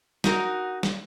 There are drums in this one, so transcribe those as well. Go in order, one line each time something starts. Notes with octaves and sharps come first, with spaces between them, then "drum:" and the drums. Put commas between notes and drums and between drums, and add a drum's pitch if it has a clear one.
D#4 F#4 A#4, drum: snare
drum: snare